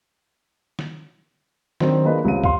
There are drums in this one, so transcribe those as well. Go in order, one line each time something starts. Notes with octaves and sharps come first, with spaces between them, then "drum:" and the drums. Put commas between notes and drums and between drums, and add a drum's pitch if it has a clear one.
drum: snare
D#3 F#3 C4 D4, drum: snare
A#3 D4 F4 G#4 B4 D#5
C2 C#4 F4 D#7
F5 C6, drum: kick